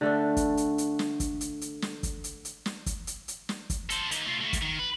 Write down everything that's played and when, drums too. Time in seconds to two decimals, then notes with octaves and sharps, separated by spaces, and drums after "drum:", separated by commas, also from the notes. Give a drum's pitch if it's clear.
0.01 D3 A3 D4
0.37 drum: kick, hi-hat
0.57 drum: hi-hat
0.78 drum: hi-hat
0.99 drum: snare
1.20 drum: kick, hi-hat
1.41 drum: hi-hat
1.61 drum: hi-hat
1.82 drum: snare
2.03 drum: kick, hi-hat
2.24 drum: hi-hat
2.45 drum: hi-hat
2.66 drum: snare
2.86 drum: kick, hi-hat
3.07 drum: hi-hat
3.28 drum: hi-hat
3.49 drum: snare
3.70 drum: kick, hi-hat
3.90 A4 C5, drum: hi-hat
4.11 A#3 D#4, drum: hi-hat
4.27 A3 F4
4.41 A3 F#4
4.53 drum: kick, hi-hat
4.62 D#3
4.79 B4